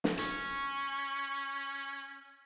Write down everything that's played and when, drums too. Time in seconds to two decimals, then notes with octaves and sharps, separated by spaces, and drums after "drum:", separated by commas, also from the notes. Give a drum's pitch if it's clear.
0.04 drum: snare
0.17 C#4 C#6, drum: hi-hat